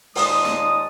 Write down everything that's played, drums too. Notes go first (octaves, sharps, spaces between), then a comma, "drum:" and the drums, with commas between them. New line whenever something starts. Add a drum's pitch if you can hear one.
D#2 A#2 G#3 A5 D#6, drum: open hi-hat
drum: snare